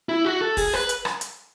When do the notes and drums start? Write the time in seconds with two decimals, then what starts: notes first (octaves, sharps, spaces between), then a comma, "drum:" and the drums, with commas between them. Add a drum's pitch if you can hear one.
0.09 E4
0.25 F#4
0.41 A4
0.57 G#4, drum: kick, open hi-hat
0.73 B4, drum: rim click
0.89 drum: hi-hat
1.05 drum: rim click
1.21 drum: hi-hat